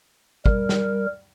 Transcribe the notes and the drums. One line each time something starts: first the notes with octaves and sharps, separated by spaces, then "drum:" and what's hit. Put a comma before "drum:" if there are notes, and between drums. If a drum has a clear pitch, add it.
G3 A#4, drum: kick
drum: snare